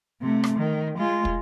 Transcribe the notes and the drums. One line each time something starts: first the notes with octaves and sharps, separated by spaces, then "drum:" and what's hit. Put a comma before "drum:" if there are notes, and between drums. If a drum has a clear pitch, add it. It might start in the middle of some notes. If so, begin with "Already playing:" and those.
C3 A3
drum: rim click
D#3
G#3 F4
drum: kick